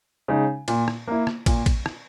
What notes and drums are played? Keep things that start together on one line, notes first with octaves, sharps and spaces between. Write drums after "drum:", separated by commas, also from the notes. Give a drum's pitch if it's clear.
C#3 G#3 D#4
A#2, drum: cymbal
drum: rim click
A#3 E4
drum: rim click
A#2, drum: kick, cymbal
drum: kick, cymbal
drum: rim click